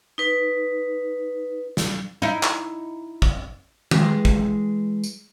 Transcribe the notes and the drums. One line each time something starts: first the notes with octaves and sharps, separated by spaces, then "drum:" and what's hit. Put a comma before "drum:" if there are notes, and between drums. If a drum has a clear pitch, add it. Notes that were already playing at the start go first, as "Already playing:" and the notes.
D#4 B4
drum: snare
D#4 E4
drum: clap
drum: kick
E3 G#3 G4, drum: tom
drum: kick
drum: tambourine